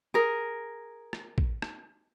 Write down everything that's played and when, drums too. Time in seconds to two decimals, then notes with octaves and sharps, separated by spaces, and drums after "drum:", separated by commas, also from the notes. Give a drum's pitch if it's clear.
0.14 G#4 A#4
1.13 drum: rim click
1.38 drum: kick
1.62 drum: rim click